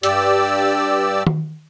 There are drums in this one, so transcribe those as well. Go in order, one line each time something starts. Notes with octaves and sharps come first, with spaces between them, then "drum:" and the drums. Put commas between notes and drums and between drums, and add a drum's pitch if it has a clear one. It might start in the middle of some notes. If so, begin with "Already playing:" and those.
G2 G4 D5 E6, drum: hi-hat
drum: tom D#3